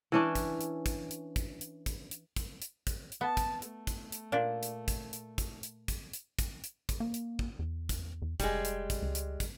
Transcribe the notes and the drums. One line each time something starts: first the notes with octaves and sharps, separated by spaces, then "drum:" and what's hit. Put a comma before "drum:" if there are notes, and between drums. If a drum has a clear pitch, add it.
E3 C#4 D4
drum: kick, hi-hat
drum: hi-hat
drum: kick, hi-hat
drum: hi-hat
drum: kick, hi-hat
drum: hi-hat
drum: kick, hi-hat
drum: hi-hat
drum: kick, hi-hat
drum: hi-hat
drum: kick, hi-hat
drum: hi-hat
B3 A5
drum: kick, hi-hat
A3, drum: hi-hat
drum: kick, hi-hat
drum: hi-hat
A#2 D4
drum: hi-hat
drum: kick, hi-hat
drum: hi-hat
drum: kick, hi-hat
drum: hi-hat
drum: kick, hi-hat
drum: hi-hat
drum: kick, hi-hat
drum: hi-hat
drum: kick, hi-hat
A#3
drum: hi-hat
drum: kick
E2
drum: kick, hi-hat
E2
F1 G3 G#3, drum: kick, hi-hat
drum: hi-hat
drum: kick, hi-hat
C#2
drum: hi-hat
drum: kick, hi-hat